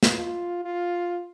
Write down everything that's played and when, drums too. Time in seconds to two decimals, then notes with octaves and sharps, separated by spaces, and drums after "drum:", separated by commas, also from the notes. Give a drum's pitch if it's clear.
0.03 drum: snare
0.15 F4
0.65 F4